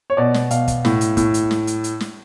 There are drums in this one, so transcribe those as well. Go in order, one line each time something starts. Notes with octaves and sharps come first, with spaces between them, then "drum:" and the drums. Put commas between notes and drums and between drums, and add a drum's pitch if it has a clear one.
C#5
B2 D5
drum: snare
B2 F5, drum: hi-hat
drum: kick, hi-hat
A2, drum: snare
drum: hi-hat
A2, drum: kick, hi-hat
drum: hi-hat
drum: snare
drum: hi-hat
drum: hi-hat
drum: snare